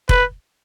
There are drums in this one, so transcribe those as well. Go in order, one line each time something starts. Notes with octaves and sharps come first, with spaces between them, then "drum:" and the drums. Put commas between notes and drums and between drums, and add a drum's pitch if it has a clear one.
B4, drum: kick F1